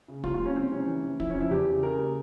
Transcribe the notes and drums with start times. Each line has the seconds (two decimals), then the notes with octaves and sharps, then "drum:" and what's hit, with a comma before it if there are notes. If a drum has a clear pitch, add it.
0.08 C#3
0.24 C2 F4, drum: kick
0.34 F4
0.40 C2
0.46 C#4
0.55 C2 C4
0.72 C2 C#4
0.87 E3
1.04 E3
1.20 F2 E4, drum: kick
1.30 C#4
1.35 F2
1.40 E4
1.51 E2 G4
1.67 C#3
1.83 C#3 A#4
1.99 G3